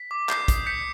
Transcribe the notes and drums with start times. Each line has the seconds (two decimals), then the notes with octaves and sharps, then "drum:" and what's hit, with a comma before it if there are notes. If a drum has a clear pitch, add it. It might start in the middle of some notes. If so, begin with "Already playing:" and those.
Already playing: B6
0.11 D6
0.29 G6 C7, drum: clap
0.48 D#6, drum: kick, hi-hat
0.66 G6 B6 C#7